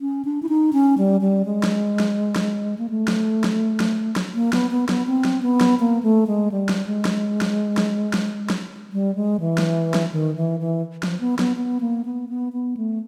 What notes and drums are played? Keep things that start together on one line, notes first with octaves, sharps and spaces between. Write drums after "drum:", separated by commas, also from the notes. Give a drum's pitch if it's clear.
C#4
D4
E4
D#4
C#4
G3
G3
G#3
drum: snare
drum: snare
drum: snare
A#3
A3
drum: snare
drum: snare
drum: snare
drum: snare
A#3
B3, drum: snare
B3
B3, drum: snare
C4
drum: snare
B3
drum: snare
A#3
A3
G#3
G3
drum: snare
G#3
drum: snare
drum: snare
drum: snare
drum: snare
drum: snare
G3
G#3
E3
drum: snare
drum: snare
D#3
E3
E3
F3, drum: snare
B3
B3, drum: snare
B3
A#3
B3
B3
B3
A3